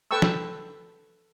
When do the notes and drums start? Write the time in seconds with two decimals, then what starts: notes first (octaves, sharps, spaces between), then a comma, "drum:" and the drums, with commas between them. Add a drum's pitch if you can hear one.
0.11 A4 B4 G5 A5 C#6 E6
0.22 drum: snare